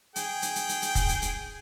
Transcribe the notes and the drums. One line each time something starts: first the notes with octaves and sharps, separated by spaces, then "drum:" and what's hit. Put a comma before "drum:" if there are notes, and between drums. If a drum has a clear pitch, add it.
G#4 G5, drum: hi-hat
drum: hi-hat
drum: hi-hat
drum: hi-hat
drum: hi-hat
drum: kick, hi-hat
drum: hi-hat
drum: hi-hat